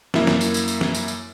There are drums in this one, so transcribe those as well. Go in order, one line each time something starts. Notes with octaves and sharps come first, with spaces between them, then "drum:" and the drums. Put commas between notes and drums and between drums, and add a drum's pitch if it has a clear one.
F#2 A#3 E4 E5, drum: snare
drum: snare
drum: tambourine
drum: tambourine
drum: tambourine
drum: snare
drum: tambourine
drum: tambourine